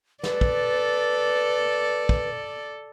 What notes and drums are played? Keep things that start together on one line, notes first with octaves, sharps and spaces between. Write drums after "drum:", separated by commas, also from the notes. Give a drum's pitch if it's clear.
A4 B4 D5, drum: snare
drum: kick
drum: kick